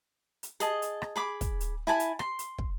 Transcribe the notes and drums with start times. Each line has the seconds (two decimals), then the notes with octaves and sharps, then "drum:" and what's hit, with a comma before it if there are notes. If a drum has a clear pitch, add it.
0.43 drum: hi-hat
0.60 G#4 D#5 A5, drum: hi-hat
0.82 drum: hi-hat
1.02 drum: rim click
1.16 G#4 B5 D6
1.41 drum: kick, hi-hat
1.60 drum: hi-hat
1.87 E4 G#5 A5 B5
2.00 drum: hi-hat
2.19 C6, drum: rim click
2.39 drum: hi-hat
2.58 drum: kick